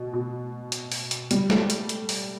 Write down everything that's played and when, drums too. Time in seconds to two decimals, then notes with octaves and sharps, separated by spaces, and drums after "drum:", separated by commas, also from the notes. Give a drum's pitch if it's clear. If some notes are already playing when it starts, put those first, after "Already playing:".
Already playing: B2
0.13 B2
0.72 drum: hi-hat
0.92 drum: open hi-hat
1.11 drum: hi-hat
1.31 G3, drum: hi-hat
1.50 A3, drum: snare
1.70 drum: hi-hat
1.89 drum: hi-hat
2.09 drum: open hi-hat